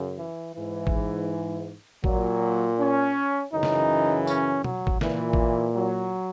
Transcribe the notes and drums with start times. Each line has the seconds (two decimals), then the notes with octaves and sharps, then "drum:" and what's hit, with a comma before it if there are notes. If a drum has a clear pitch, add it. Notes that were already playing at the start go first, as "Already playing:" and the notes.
Already playing: F#2 C#3
0.18 E3
0.55 G#2 E3
0.87 drum: kick
2.04 A#2 F#3, drum: kick
2.79 C#4
3.53 F#2 C#3 E3 D#4
3.63 drum: snare
4.27 C#4, drum: tambourine
4.64 F#3, drum: tom B2
4.87 drum: kick
5.01 A#2 E3, drum: snare
5.33 drum: kick
5.75 F#3